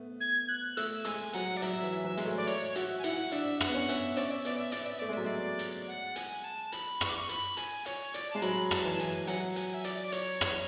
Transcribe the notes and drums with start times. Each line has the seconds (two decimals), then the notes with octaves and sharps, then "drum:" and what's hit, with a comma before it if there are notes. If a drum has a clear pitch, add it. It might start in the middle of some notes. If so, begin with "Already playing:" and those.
Already playing: A3 B3
0.20 G#6
0.49 F#6
0.77 A3 E6, drum: hi-hat
1.05 G#3 G#5, drum: hi-hat
1.33 F#3 F#5, drum: hi-hat
1.57 D5
1.62 F#3 E5, drum: hi-hat
1.83 E3
2.04 F#3
2.17 G#3, drum: hi-hat
2.26 A3
2.37 D5
2.47 C#5, drum: hi-hat
2.75 F#4 E5, drum: hi-hat
2.99 G#5
3.04 E4 F#5, drum: hi-hat
3.32 D4 E5, drum: hi-hat
3.60 F#5, drum: rim click
3.69 B3
3.75 C#4
3.89 E5, drum: hi-hat
4.17 C#4 D5, drum: hi-hat
4.31 E5
4.45 B3 D5, drum: hi-hat
4.58 E5
4.72 B3 D5, drum: hi-hat
4.86 E5
4.99 A3 D5
5.09 G#3
5.13 F#3 E5
5.24 G#3 D5
5.59 drum: hi-hat
5.87 F#5
6.16 G#5, drum: hi-hat
6.44 A5
6.72 B5, drum: hi-hat
7.01 C#6, drum: rim click
7.09 D6
7.17 C#6
7.29 B5, drum: hi-hat
7.57 G#5, drum: hi-hat
7.86 C#5, drum: hi-hat
8.14 D5, drum: hi-hat
8.31 G#3 A5
8.42 F#3 B5, drum: hi-hat
8.71 A5, drum: rim click
8.85 E3
8.99 G#5, drum: hi-hat
9.27 F#3 F#5, drum: hi-hat
9.56 G#5, drum: hi-hat
9.74 E5
9.85 D5, drum: hi-hat
10.07 D5
10.12 C#5, drum: hi-hat
10.41 drum: rim click